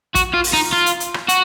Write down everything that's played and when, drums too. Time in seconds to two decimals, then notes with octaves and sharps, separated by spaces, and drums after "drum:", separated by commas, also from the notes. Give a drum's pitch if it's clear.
0.15 F#4, drum: kick, hi-hat
0.34 F4
0.44 drum: open hi-hat
0.53 D#4
0.73 F4
0.86 drum: hi-hat
1.00 drum: hi-hat
1.14 drum: rim click
1.29 F#4, drum: hi-hat